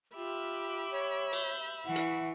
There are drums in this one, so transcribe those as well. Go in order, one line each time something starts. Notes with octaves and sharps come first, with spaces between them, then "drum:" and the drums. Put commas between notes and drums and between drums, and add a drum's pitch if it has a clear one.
F4 G4 E5 B5
C#5
G6, drum: cymbal
E3 F#5 C#6
drum: hi-hat